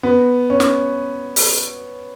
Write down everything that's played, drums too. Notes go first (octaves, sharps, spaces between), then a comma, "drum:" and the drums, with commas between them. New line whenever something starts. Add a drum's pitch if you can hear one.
B3
C#4
drum: snare
drum: open hi-hat